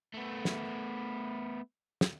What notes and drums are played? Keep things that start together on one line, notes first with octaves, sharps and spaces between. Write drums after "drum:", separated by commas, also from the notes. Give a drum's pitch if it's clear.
A3 B3
drum: snare
drum: snare